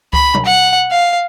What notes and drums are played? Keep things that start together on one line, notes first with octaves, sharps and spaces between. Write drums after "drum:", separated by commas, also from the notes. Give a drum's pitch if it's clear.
B5, drum: kick C#2
drum: tom B2
F#5
F5